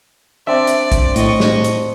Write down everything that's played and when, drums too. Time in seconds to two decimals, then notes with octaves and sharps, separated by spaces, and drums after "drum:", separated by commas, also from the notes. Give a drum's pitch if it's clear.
0.47 C4 D4 D5 E5
0.67 drum: hi-hat
0.92 drum: kick A#1, hi-hat
1.16 A2 D#5 C#6, drum: hi-hat
1.40 drum: snare
1.64 drum: hi-hat